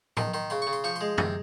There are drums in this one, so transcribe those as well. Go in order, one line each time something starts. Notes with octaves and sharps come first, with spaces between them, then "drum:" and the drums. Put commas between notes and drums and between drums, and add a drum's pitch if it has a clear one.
D#3 C6, drum: tom A2
D#3 C6
C#3 C6
C#3 C#6
C6
F3 C#6
G#3 C6
C3, drum: tom F#2